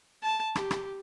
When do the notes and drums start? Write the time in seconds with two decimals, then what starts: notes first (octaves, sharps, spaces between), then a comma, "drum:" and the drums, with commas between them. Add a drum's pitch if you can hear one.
0.23 A5
0.55 G4, drum: rim click
0.71 drum: rim click